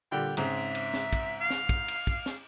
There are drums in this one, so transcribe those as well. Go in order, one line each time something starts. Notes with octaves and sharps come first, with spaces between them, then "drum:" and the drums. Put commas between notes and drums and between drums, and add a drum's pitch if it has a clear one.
A#2 D3 G3 G5
G#2 C#3 C4 E5, drum: cymbal
drum: cymbal
drum: snare
drum: kick, cymbal
F5
drum: snare
drum: kick
drum: cymbal
drum: kick
drum: snare